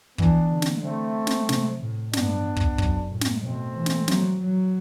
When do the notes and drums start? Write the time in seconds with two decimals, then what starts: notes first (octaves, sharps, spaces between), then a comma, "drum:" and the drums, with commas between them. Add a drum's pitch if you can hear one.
0.18 E3 B3 D4, drum: kick
0.51 D3
0.62 drum: snare
0.83 A3 C4
1.27 drum: snare
1.49 C3, drum: snare
1.81 A2
2.13 G2 B3 D4, drum: snare
2.56 drum: kick
2.78 F#2, drum: kick
3.10 A2
3.21 drum: snare
3.43 B2 A3 C4
3.76 E3
3.86 drum: snare
4.08 F#3, drum: snare
4.40 F#3